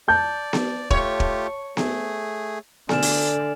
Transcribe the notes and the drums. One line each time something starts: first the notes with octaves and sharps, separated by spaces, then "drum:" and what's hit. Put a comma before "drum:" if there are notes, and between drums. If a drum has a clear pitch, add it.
D5 A5 G6
drum: snare B3
A3 F4 G4 C#5, drum: kick
drum: kick
A3 G#4, drum: snare B3
D3 A3 D5 G#5 F6 E7, drum: snare B3
drum: open hi-hat